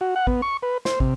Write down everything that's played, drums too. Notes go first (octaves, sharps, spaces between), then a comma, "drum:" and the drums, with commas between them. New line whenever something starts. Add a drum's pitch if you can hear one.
F#4
F#5
B3, drum: kick
C#6
B4
C5, drum: snare
C3, drum: kick